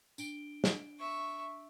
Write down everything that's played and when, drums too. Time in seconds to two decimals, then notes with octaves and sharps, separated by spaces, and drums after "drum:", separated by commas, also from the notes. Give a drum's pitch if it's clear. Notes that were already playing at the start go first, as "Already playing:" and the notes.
0.18 D4 D7 G7, drum: tambourine
0.64 drum: snare
0.99 E5 C#6